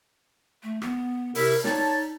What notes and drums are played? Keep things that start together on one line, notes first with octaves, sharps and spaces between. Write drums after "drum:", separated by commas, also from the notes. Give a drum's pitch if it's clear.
A3
B3, drum: rim click
C3 E4 A#4, drum: open hi-hat
D#4 C#5 D5 A5, drum: snare